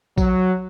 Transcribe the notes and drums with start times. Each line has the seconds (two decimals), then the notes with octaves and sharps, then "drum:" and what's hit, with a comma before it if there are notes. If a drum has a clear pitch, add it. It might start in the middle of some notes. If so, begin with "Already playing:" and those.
0.18 F#3, drum: kick A#1, tambourine